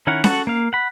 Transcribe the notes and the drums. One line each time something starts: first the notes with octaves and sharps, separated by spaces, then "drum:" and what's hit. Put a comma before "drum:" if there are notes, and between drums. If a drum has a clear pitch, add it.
D#3 C#4 E4 A#4 F#5
F#4 A4 F#5, drum: snare C#4
A#3 F5
F#5 B5